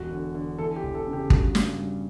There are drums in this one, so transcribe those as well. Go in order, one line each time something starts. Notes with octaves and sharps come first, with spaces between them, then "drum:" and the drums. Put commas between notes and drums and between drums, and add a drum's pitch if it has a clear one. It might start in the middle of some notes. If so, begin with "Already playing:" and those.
Already playing: E1 F#4
D3
D3
E3 A4
G4
E1
A4
C#3
G4
G2 F#4, drum: kick
G2, drum: snare
G3